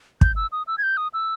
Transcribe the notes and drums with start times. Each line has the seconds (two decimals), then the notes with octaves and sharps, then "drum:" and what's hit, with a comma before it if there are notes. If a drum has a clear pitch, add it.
0.21 G6, drum: kick
0.36 E6
0.52 D#6
0.67 E6
0.78 G#6
0.83 G6
0.97 D#6
1.14 E6